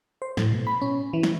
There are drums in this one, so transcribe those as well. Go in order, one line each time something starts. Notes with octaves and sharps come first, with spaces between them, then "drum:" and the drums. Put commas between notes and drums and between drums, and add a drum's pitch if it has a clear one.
C5
A2, drum: snare
B2
B5
C#4
E3
drum: snare